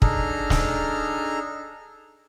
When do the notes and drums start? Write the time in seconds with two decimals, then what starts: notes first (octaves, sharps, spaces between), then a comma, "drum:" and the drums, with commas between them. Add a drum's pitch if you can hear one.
0.02 D4 D#4 G#4 A4 A#5 F6, drum: kick
0.50 drum: snare